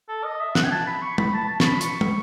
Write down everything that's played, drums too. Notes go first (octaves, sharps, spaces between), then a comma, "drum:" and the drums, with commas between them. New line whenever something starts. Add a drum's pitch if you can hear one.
A4
D#5
E5
F#5, drum: snare
G#5
A5
B5
C#6
B5, drum: tom
A5
A5
C#6, drum: snare
B5
C#6, drum: hi-hat
drum: tom